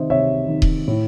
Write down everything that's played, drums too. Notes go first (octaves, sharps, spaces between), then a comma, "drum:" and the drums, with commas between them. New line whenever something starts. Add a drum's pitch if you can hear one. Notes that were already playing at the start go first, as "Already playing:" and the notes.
Already playing: C3 D#3 C5 D#5 E5
C3 C#5 E5
D#3
drum: kick D#1
A2